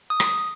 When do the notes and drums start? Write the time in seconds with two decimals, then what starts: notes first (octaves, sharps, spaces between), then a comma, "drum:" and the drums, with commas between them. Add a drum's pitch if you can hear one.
0.10 D#6
0.20 drum: rim click